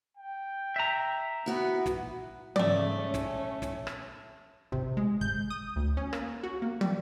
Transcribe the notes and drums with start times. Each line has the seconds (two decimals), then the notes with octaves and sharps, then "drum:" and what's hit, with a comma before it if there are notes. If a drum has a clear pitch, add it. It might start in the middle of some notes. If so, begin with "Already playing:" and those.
0.17 G5
0.76 E5 A#5
1.46 B3 E4 F#4 B4
1.86 drum: snare
2.56 G#2 C#3 A3 D5, drum: tom
2.95 C#4
3.14 drum: snare
3.62 drum: snare
3.87 drum: rim click
4.72 C3, drum: kick
4.97 G#3
5.21 G6, drum: kick
5.50 D#6
5.76 D2
5.97 C#4
6.13 A#3, drum: rim click
6.43 F#4
6.62 A#3
6.81 G3, drum: tom